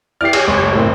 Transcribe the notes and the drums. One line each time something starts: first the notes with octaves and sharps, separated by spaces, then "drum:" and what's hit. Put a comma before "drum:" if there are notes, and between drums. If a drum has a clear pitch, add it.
E3 E4 G4 D5 F6 C7
G4 G#4 C#5, drum: cymbal
F#1 G#3 C#6
A3
A2 A3 A#3 C4